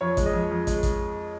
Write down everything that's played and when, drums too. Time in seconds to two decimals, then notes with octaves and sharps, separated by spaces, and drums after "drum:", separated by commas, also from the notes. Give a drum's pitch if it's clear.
0.01 F2 C#5
0.17 G#3, drum: kick, hi-hat
0.26 D#5
0.33 F2
0.51 F2
0.67 G#3, drum: kick, hi-hat
0.83 drum: kick, hi-hat